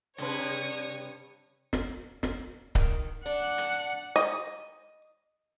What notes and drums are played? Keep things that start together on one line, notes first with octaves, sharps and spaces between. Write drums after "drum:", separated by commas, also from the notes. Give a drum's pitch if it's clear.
G2 C3 B4 C#5 D#6, drum: hi-hat
drum: snare
drum: snare
D#3, drum: kick C#1
D4 F#5
drum: hi-hat
D#5